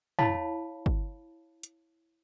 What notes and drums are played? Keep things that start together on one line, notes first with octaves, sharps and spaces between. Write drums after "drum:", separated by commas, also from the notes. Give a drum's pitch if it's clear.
E4 C#5 F5 A5 B5, drum: tom
drum: kick
drum: hi-hat